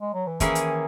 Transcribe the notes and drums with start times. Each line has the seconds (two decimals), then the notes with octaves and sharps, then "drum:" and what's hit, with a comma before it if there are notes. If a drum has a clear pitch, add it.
0.01 G#3
0.14 F#3
0.27 E3
0.40 D#3 E3 A#3 C#4 G#4, drum: kick, hi-hat
0.55 drum: hi-hat